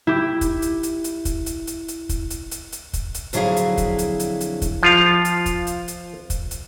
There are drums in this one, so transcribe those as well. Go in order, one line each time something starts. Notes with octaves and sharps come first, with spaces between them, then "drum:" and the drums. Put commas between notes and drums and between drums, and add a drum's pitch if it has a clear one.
E4 G4
drum: kick, hi-hat
drum: hi-hat
drum: hi-hat
drum: hi-hat
drum: kick, hi-hat
drum: hi-hat
drum: hi-hat
drum: hi-hat
drum: kick, hi-hat
drum: hi-hat
drum: hi-hat
drum: hi-hat
drum: kick, hi-hat
drum: hi-hat
F2 D3 F#3 E4 G#4 F5, drum: hi-hat
drum: hi-hat
drum: kick, hi-hat
drum: hi-hat
drum: hi-hat
drum: hi-hat
drum: kick, hi-hat
F3 F4 F5
drum: hi-hat
drum: kick, hi-hat
drum: hi-hat
drum: hi-hat
drum: kick, hi-hat
drum: hi-hat